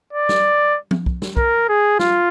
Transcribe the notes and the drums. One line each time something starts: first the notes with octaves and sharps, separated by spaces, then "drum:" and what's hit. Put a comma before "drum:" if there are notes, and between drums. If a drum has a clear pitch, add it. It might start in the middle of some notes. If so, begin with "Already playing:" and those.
D5
drum: snare
drum: tom
drum: kick
drum: snare
A#4, drum: kick
G#4
F4, drum: snare